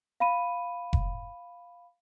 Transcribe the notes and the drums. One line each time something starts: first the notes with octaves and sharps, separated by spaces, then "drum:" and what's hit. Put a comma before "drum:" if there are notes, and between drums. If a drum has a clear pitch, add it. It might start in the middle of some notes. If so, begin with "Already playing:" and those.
F5 B5 D#7
drum: kick F1